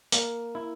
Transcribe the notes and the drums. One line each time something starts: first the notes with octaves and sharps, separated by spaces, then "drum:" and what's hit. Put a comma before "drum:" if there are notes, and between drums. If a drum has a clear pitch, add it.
A#3, drum: hi-hat
E4